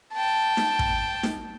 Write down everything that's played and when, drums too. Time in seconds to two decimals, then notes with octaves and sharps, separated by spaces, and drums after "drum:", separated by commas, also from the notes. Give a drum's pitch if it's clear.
0.13 G5 A5
0.57 drum: snare D#4
0.79 drum: kick
1.23 drum: snare D#4